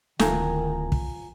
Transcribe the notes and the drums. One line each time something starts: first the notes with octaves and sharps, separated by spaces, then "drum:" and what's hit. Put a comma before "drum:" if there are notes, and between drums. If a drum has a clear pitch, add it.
D1 D#3 A3 F4 G#5 A#5, drum: snare
drum: kick